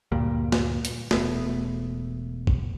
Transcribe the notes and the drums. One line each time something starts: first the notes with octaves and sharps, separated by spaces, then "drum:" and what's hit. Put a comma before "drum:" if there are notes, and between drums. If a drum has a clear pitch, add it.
D2 G2 A#2 G3
drum: snare
drum: hi-hat
E1 E2 A3 B3, drum: snare
drum: kick